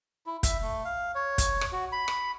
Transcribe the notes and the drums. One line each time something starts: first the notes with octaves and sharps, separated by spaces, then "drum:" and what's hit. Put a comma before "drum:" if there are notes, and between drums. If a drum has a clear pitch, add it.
E4
E5, drum: kick, hi-hat
A3
F5
C#5
drum: kick, hi-hat
drum: rim click
F#4
B5
drum: rim click